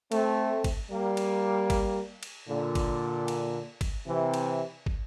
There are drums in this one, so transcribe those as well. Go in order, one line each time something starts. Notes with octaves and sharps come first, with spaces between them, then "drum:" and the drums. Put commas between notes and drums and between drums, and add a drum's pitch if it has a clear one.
A3 C4, drum: cymbal
drum: kick, cymbal
G3 A#3
drum: cymbal
drum: kick, cymbal
drum: cymbal
A#2 D3
drum: kick, cymbal
drum: cymbal
drum: kick, cymbal
C3 E3
drum: cymbal
drum: kick